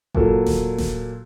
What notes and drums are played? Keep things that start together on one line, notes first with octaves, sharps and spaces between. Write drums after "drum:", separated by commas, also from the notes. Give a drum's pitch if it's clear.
A#2 F#3 A4, drum: kick G1
drum: snare D#1
drum: snare D#1